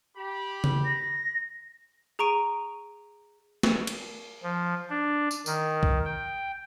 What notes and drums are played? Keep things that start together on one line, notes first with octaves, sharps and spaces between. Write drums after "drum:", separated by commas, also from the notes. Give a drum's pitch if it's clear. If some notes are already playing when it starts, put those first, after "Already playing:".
G4 B5
drum: tom C#3
A#6
G#4 A#5 C#6 D7 D#7
drum: snare
drum: cymbal
F3
D4
drum: tambourine
D#3, drum: tambourine
drum: kick B1
G5